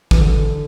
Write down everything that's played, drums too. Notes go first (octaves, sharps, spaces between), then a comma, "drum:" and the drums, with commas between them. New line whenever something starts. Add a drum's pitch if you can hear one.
E3, drum: kick
D3